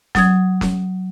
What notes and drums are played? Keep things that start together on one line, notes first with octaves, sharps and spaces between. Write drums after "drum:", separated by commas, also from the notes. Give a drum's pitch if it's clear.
F#3 D#6 G#6, drum: snare
drum: snare